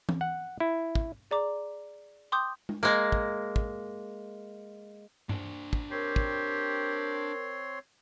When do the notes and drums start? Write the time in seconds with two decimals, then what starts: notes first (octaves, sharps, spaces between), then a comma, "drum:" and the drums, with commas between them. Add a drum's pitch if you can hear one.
0.09 drum: tom E3
0.21 F#5
0.60 E4
0.95 drum: kick
1.31 G#4 D5 A#5 D6
2.32 G5 C6 D6 D#6 G6
2.69 drum: tom G#3
2.83 G#3 A#3
3.12 drum: kick
3.56 drum: kick
5.29 D4 C5, drum: tom G2
5.73 drum: kick
5.91 C4 G4 A#4 C#5 C6
6.16 drum: kick